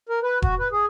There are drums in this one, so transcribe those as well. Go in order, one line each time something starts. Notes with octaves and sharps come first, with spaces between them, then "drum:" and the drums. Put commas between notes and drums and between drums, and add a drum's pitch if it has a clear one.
A#4
B4
F#4, drum: kick E1
B4
G#4